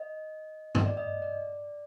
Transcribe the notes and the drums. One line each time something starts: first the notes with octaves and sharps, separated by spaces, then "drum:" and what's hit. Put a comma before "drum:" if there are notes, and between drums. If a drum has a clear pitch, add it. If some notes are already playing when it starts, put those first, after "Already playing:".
Already playing: D#5
D#5, drum: tom G2
D5
D#5
D5